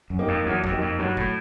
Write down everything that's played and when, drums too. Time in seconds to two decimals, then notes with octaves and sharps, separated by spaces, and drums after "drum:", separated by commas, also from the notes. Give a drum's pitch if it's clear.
0.10 F#2
0.19 A#3 D#4 G4
0.28 F2
0.46 E2 F#3
0.64 F2, drum: kick
0.72 A#3 D#4 G4
0.81 F2
0.99 G2 F#3
1.17 A2, drum: kick